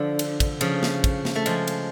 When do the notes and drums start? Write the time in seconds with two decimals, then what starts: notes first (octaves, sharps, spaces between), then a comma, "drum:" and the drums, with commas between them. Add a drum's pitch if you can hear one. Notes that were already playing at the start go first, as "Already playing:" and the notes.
Already playing: D3 F3
0.19 drum: cymbal
0.40 drum: kick, cymbal
0.61 C#3 F3, drum: cymbal
0.83 drum: snare
1.04 drum: kick, cymbal
1.25 drum: snare
1.36 A3
1.46 F3 G#3, drum: cymbal
1.67 drum: cymbal